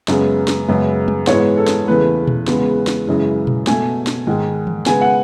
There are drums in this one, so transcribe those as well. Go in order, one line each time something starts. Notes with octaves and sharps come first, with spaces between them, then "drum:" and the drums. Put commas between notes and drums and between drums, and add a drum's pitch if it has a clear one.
F#2 C#3 G#3 B3, drum: snare
drum: snare
F#2 C#3 G#3 B3
drum: tom
G#2 E3 G#3 B3 C#5, drum: snare
A4
drum: snare
E2 C#3 E3 A3 B4
drum: tom A#2
E2 C#3 G#3 B3, drum: snare
drum: snare
F#2 C#3 E3 G#3
drum: tom A#2
B2 A3 G#5, drum: snare
drum: snare
G#2 D#3 G#3
drum: tom E3
C#3 G#3 B3 G#5, drum: snare
F#5